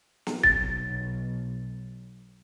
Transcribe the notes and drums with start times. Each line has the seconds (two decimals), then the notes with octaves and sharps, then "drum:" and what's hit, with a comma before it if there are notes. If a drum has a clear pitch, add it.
0.27 drum: snare
0.43 B1 A6, drum: kick